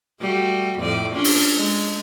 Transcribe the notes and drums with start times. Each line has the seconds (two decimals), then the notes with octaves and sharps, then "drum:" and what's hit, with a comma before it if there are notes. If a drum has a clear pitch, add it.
0.21 G3 A3 F#4
0.79 F2 A2 D5
1.13 C#4 D4 F4
1.24 drum: open hi-hat
1.55 G#3